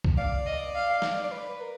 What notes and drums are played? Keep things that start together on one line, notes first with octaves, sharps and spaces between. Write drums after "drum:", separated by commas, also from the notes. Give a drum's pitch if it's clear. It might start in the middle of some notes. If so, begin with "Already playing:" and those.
drum: kick C2
D5 F5
D#5
F5
drum: snare
D5
B4
A#4